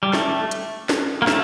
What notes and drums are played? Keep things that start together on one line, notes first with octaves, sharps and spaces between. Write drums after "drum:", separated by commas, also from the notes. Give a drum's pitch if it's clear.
G3
A3, drum: snare
drum: hi-hat
drum: snare
A#3
A3, drum: snare